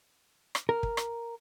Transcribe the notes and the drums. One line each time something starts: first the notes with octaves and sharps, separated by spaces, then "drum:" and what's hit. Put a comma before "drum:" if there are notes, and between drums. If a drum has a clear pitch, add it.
drum: rim click
A#4
drum: kick
drum: rim click